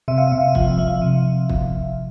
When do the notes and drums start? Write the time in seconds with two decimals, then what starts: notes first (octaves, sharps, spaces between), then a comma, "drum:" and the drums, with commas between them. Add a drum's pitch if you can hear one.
0.08 C3 E5
0.18 F5
0.28 C3 E5
0.38 F5
0.48 E5
0.55 F3 F5, drum: kick
0.68 E5
0.78 F3 F5
0.88 E5
1.02 C3
1.49 drum: kick